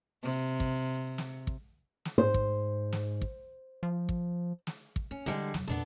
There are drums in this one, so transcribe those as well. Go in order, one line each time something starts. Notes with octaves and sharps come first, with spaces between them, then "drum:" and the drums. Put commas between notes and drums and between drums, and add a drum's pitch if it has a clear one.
C3
drum: kick
drum: snare
drum: kick
drum: snare
G#2 C5
drum: kick
drum: snare
drum: kick
F3
drum: kick
drum: snare
drum: kick
A#3 C#4
D3 E3 G3 G#3
E1 F#3, drum: snare
E2 A#2 B3 D4 A4